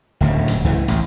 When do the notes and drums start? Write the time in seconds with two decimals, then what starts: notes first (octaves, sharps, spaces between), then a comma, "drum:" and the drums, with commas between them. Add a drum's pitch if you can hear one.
0.21 D1 D2 C#3
0.48 drum: hi-hat
0.64 C#2 E3
0.88 A1, drum: hi-hat